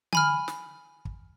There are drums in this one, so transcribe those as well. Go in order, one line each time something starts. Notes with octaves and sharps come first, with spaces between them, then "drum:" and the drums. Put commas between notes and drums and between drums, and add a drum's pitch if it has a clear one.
G#5 B5 F6, drum: tom D3
drum: snare
drum: kick